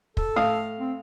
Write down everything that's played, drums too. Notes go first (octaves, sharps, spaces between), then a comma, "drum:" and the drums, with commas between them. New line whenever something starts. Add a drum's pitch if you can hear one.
A4, drum: kick
A2 F5 D#6
C4